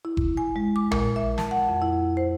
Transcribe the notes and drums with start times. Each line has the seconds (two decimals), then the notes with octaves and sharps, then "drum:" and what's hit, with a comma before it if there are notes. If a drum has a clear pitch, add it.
0.05 E4
0.17 drum: kick F#1
0.37 G#5
0.56 G#3
0.76 D6
0.91 A#2, drum: tom A#1
1.16 E5
1.38 A5, drum: snare
1.51 F#5
1.69 F2
1.82 E4
2.17 C5